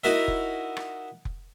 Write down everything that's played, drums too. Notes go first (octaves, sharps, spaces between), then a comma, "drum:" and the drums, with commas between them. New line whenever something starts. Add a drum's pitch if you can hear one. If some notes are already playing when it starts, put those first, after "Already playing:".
D#4 E4 F#4 A#4 E5
drum: kick F1
drum: rim click
drum: kick F1